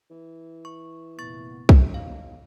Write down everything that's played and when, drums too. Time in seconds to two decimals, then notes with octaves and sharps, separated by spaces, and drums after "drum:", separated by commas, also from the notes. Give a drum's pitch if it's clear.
0.11 E3
0.65 C#6
1.19 F1 A#2 B3 C#6 A6
1.69 drum: kick
1.94 B1 G#2 F5